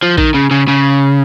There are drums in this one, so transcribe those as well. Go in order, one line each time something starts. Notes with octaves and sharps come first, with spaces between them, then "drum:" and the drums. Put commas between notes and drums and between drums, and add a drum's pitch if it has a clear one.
F3
D#3, drum: kick A#1
C#3
C#3
C#3